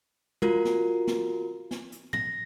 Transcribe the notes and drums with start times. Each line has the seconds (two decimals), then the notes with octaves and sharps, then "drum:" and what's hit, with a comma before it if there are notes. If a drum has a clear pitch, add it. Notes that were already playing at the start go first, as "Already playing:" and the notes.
0.42 F4 F#4 A#4, drum: tom
0.65 drum: snare
1.07 drum: snare
1.71 drum: snare
1.92 drum: hi-hat
2.13 A#6, drum: tom